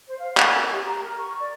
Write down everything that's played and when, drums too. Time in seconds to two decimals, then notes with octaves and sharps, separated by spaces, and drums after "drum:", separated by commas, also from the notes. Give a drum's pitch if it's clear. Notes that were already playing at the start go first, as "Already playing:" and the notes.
0.07 C5
0.19 F5
0.37 A4, drum: clap
0.54 A#4
0.72 G4
0.86 A#5
1.02 A#4
1.19 C#6
1.39 D5